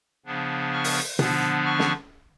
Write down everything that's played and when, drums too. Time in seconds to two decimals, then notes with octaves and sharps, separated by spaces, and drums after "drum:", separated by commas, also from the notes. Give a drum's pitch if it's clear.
0.26 C#3 F3 B3 D4
0.72 C#6 F6
0.84 drum: open hi-hat
1.19 D3 F3 B3 D4, drum: tom B2
1.65 C#6 F6
1.79 drum: snare